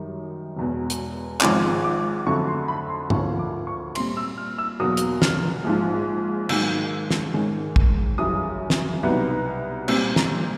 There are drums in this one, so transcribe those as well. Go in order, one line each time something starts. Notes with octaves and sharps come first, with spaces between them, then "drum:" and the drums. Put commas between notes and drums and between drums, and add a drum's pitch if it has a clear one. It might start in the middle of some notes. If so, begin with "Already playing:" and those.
Already playing: F#2 D#3 G3
E1 E2 B2
drum: hi-hat
G#1 G#2 F3 G#3 C#4 D6, drum: clap
D6
F2 D3 F#3 A3 C#6
C6
B5
C6
D2 D3 F3 A#3 C#4 C#6, drum: tom
D6
C#6
A#2 G3 C4 C6, drum: cymbal
E6
F6
E6
E2 B2 F#3 A#3 D#6
drum: hi-hat
F6, drum: snare
A#1 G#2 F3
G#2 D#3 F#3 A#3 D#4 E6, drum: cymbal
drum: snare
G#2 D#3 G#3 C#4
drum: kick
F#2 C#3 E3 G3 D#6
drum: snare
C2 B2 F#3 B3 D#4
A#2 G3 C4 E6, drum: cymbal
A#5, drum: snare